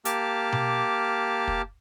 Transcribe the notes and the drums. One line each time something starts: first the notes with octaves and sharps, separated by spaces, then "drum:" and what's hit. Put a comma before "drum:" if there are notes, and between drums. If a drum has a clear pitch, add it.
A#3 G4 A5 D6 F6, drum: hi-hat
drum: tom B2
drum: kick